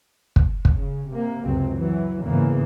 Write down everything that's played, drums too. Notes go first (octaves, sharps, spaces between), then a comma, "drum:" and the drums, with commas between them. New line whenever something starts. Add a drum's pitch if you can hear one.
drum: kick
drum: kick
C#3
C3 A#3
C#2 F#2 C3 F#3 C4
E3 F#3
E2 G#2 C#3 E3 A#3